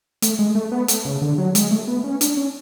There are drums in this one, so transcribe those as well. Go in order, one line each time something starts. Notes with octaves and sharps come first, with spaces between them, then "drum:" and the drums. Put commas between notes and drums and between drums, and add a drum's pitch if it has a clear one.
A3, drum: hi-hat
G#3
A3
B3
A3, drum: hi-hat
C#3
D3
F#3
G#3, drum: hi-hat
A3
B3
C#4
D4, drum: hi-hat
C#4